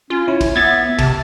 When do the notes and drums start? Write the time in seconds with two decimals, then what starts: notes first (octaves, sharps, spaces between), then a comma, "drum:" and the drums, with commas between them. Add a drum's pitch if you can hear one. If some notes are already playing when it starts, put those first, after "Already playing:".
0.10 C#4 F4
0.28 E4 C#5
0.41 drum: kick, cymbal
0.56 B3 E5 G#6 A6
0.99 C3 A5, drum: kick, cymbal